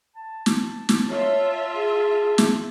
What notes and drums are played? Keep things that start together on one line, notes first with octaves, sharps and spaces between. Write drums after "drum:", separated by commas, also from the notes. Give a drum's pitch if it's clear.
A5
drum: snare
drum: snare
F4 C#5 E5
G#4
drum: snare